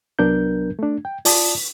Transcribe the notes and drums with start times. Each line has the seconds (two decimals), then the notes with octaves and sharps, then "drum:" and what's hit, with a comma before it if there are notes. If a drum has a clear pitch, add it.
0.19 C2 F#3 B3 D4 A#4 G6
0.79 A3 D4
1.05 G5
1.25 F4 D5 A5 D#6, drum: open hi-hat